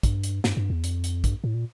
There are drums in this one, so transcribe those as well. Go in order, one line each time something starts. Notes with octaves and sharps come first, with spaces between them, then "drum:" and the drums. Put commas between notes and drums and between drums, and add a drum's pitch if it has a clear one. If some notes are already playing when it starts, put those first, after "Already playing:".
G2, drum: kick, hi-hat
drum: hi-hat
G2, drum: snare
G2
E2
F2, drum: hi-hat
drum: hi-hat
G2, drum: kick, hi-hat
A2
A#2